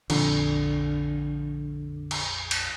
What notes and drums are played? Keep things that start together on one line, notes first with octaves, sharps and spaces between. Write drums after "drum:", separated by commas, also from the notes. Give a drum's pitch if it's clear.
A#1 F2 D3, drum: cymbal
drum: cymbal
drum: cymbal